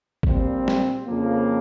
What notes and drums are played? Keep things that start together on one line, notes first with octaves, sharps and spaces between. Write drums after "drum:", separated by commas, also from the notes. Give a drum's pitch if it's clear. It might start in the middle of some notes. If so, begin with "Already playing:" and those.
A#1 A#2 G3 C4, drum: kick
drum: snare
F2 C#3 F3 A#3